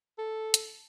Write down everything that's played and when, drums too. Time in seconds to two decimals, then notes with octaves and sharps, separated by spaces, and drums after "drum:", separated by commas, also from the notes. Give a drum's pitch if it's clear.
0.18 A4
0.54 drum: hi-hat